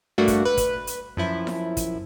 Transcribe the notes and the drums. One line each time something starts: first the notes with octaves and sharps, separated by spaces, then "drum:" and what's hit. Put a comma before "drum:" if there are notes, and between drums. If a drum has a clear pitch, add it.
G2 A3 A#3 D4 F#4
drum: kick, hi-hat
B4
drum: kick, hi-hat
drum: hi-hat
F#2 F3 E4
drum: snare E4
drum: kick, hi-hat